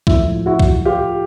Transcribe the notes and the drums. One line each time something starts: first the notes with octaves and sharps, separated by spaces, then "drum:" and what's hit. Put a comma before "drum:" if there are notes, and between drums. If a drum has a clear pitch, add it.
A2 F3 E4, drum: kick
E4 F#4
drum: kick
F4 G4